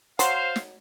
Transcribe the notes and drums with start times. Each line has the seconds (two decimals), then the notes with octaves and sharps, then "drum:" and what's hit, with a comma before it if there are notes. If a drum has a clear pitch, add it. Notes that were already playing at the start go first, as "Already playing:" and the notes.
0.19 F#3 C5 F5, drum: hi-hat
0.56 drum: snare